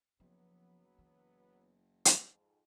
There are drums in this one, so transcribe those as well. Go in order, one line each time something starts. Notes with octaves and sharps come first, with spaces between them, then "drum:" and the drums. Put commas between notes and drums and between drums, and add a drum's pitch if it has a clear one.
F#1 F3 F#3 B3
E3
drum: hi-hat
F2 G#2